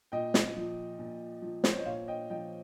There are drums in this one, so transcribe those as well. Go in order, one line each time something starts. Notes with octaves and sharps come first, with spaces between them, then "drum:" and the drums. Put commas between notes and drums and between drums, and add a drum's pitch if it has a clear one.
A#2 D#5 G5
drum: snare
F3
A#2
F3
C5, drum: snare
C#5
D#5
A#2 C#5 F5
D#5 G5
F3 D#5 G5